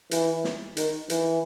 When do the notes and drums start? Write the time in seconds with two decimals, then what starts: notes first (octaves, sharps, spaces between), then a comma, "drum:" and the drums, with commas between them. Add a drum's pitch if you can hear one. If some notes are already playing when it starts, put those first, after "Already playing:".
0.11 E3, drum: hi-hat
0.44 drum: snare
0.77 D#3, drum: hi-hat
1.10 E3, drum: hi-hat